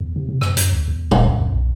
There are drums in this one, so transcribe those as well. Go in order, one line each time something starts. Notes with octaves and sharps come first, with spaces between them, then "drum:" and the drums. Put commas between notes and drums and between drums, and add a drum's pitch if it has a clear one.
E2
C3
C3
F#2, drum: rim click
F#2, drum: hi-hat
D2
E2
E1, drum: tom A#2
C#2
F2
B1